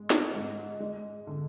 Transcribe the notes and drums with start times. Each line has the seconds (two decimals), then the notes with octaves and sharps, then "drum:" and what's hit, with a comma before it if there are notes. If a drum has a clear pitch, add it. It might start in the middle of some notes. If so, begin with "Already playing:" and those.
Already playing: G#2 G#3
0.10 drum: snare
0.33 G#2
0.80 G#3
1.27 D3